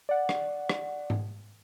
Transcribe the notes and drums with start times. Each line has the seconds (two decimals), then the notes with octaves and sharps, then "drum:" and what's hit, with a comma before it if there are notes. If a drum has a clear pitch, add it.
0.09 D5 F#5
0.29 drum: rim click
0.69 drum: rim click
1.10 drum: tom G#2